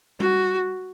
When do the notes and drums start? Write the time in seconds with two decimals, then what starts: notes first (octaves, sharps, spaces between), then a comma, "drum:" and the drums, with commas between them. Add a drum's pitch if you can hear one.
0.20 F#4, drum: tom G3